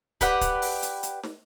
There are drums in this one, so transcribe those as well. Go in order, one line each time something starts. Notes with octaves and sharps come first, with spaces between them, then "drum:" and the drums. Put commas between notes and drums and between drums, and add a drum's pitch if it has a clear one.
G4 B4 D5 F#5, drum: kick, hi-hat
drum: kick, hi-hat
drum: open hi-hat
drum: hi-hat
drum: hi-hat
drum: snare